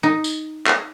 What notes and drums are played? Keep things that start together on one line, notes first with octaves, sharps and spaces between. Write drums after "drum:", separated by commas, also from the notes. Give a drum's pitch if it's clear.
D#4
drum: tambourine
drum: clap